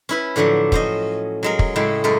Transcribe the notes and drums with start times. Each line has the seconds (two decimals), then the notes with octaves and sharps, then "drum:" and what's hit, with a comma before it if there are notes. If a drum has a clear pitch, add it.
0.09 C#4 E4 B4
0.36 A2 D3 F3 F#3 D4
0.72 C#4 C5 D#5, drum: kick
1.43 F#3 G#3 A#4
1.59 drum: kick
1.76 A2 C#3 G#3 E4 G5
2.04 F#2 G#3 A3 A#4